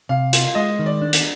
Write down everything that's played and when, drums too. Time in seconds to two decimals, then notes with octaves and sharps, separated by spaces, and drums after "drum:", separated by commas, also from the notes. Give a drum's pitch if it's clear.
0.09 C3 F5
0.33 F4 F5, drum: hi-hat
0.55 G#3 D#5
0.79 D#3
0.86 D5
1.02 D4
1.13 drum: hi-hat